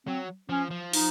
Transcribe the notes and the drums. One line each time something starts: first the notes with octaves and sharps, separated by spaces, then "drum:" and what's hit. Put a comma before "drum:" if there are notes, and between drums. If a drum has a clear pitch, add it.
F#3 C4
F3 C#4
F3
D#4, drum: open hi-hat